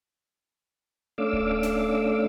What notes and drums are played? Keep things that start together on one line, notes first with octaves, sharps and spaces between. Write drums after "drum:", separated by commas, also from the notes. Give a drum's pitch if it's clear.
A3 C#4 D4 F5 D6 E6
drum: kick D1
drum: snare